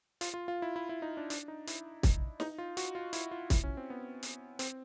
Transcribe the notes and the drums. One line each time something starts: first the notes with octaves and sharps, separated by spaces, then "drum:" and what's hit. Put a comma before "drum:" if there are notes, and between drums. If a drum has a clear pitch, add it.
F4, drum: hi-hat
F4
F4
E4
E4
E4
D#4
D4
D4, drum: hi-hat
D#4
E4, drum: hi-hat
drum: kick, hi-hat
D#4, drum: snare
F4
F#4, drum: hi-hat
F4
E4, drum: hi-hat
F4
E4, drum: kick, hi-hat
C#4
C4
B3
drum: hi-hat
C4, drum: hi-hat